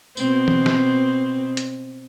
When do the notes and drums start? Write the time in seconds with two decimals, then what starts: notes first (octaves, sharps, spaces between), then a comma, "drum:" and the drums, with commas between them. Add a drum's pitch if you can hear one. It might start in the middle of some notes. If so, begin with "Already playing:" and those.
0.17 B2 C4, drum: tambourine
0.48 drum: tom E3
0.66 drum: snare
1.57 drum: hi-hat